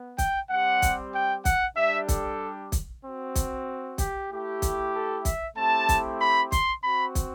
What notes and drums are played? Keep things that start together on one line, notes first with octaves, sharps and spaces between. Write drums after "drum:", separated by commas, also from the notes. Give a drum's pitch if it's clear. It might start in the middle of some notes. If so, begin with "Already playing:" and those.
Already playing: B3
G5, drum: kick, hi-hat
G3 C4 G4 F#5
drum: kick, hi-hat
G5
F#5, drum: kick, hi-hat
G3 D4 G4 E5
A4, drum: kick, hi-hat
drum: kick, hi-hat
C4 F#4
drum: kick, hi-hat
G4, drum: kick, hi-hat
A3 E4 G4
drum: kick, hi-hat
A4
E5, drum: kick, hi-hat
A3 C4 E4 G4 A5
drum: kick, hi-hat
B5
C6, drum: kick, hi-hat
C4 F#4 B5
drum: kick, hi-hat